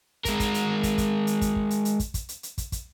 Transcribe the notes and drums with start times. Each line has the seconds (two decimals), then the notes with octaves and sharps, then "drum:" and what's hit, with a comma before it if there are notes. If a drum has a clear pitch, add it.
0.25 G#3 A#4, drum: kick, hi-hat
0.40 drum: kick, hi-hat
0.54 drum: hi-hat
0.83 drum: kick, hi-hat
0.98 drum: kick, hi-hat
1.27 drum: hi-hat
1.41 drum: kick, hi-hat
1.56 drum: kick
1.70 drum: hi-hat
1.85 drum: hi-hat
2.00 drum: kick, hi-hat
2.14 drum: kick, hi-hat
2.29 drum: hi-hat
2.43 drum: hi-hat
2.58 drum: kick, hi-hat
2.72 drum: kick, hi-hat